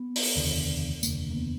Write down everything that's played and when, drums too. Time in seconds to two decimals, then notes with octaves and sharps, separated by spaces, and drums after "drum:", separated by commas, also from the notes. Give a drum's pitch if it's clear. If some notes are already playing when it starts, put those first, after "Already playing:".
Already playing: B3
0.16 drum: open hi-hat
0.35 F1 D#2 D3
1.03 F1 D#2 D3 A#3, drum: tambourine
1.30 A#3
1.37 B3